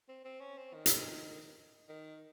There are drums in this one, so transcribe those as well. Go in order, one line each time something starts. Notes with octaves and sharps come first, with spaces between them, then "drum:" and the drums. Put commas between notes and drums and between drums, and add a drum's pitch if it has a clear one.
C4
C4
C#4
C4
D#3
drum: hi-hat
D#3